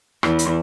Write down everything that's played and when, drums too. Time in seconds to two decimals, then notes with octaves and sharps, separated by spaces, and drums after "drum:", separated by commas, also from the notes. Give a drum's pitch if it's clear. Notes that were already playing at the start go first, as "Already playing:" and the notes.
0.23 E2, drum: rim click
0.39 drum: hi-hat